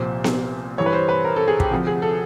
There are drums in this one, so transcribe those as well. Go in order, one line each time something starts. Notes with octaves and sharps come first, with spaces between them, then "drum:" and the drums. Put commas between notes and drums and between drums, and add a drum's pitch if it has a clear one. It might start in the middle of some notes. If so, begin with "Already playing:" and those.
Already playing: C2 A#2 F3 C5
drum: snare B3
G2 E3 G3 C#5
B4
C5
B4
A#4
A4
G#4
G4, drum: kick
D2 C3 F3
G#4
A4